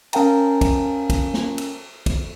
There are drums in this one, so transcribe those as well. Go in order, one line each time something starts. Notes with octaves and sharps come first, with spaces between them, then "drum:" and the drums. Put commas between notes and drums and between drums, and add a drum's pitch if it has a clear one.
C#4 A#4 F5 G5 A5 A#5, drum: cymbal
drum: kick, cymbal
drum: kick, cymbal
drum: snare
drum: cymbal
drum: kick, cymbal